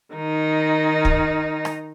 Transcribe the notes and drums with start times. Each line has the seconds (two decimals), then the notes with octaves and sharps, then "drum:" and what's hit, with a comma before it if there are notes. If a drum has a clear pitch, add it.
0.15 D#3 D#4
1.05 drum: kick
1.65 drum: rim click